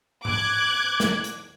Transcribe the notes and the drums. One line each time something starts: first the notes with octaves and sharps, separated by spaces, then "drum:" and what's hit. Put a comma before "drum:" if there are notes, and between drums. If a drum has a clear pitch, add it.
D6 F#6 G#6, drum: tom G#2
drum: snare
drum: hi-hat